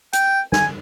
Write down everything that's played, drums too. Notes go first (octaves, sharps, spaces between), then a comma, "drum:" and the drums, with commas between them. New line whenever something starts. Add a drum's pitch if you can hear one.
G5, drum: hi-hat
G#5, drum: snare